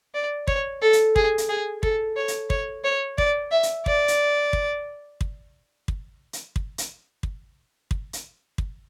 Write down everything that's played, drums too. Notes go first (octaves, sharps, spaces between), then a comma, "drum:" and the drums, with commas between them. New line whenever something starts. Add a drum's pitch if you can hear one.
D5
C#5, drum: kick
A4
drum: hi-hat
G#4, drum: kick
drum: hi-hat
G#4
A4, drum: kick
C#5
drum: hi-hat
C#5, drum: kick
C#5
D5, drum: kick
E5
drum: hi-hat
D5, drum: kick
drum: hi-hat
drum: kick
drum: kick
drum: kick
drum: hi-hat
drum: kick
drum: hi-hat
drum: kick
drum: kick
drum: hi-hat
drum: kick